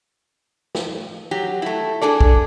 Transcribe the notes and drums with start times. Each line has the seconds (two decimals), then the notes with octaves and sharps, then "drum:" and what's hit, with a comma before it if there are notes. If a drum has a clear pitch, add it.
0.75 drum: snare
1.31 F#3 G4
1.62 A3 E4
2.01 D4 G#4 A4 D5
2.21 drum: kick